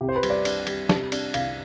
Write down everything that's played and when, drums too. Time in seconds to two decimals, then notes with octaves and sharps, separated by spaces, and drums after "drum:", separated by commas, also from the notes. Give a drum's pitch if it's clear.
0.01 C2 G4
0.09 C5
0.16 B4
0.23 G3, drum: cymbal
0.30 D5
0.45 D4, drum: cymbal
0.67 G3, drum: cymbal
0.89 C3, drum: snare
1.12 D4, drum: cymbal
1.34 C2 F5, drum: cymbal